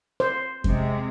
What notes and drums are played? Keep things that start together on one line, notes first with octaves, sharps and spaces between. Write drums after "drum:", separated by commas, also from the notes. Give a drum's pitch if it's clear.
C5
C3 G#3, drum: kick F2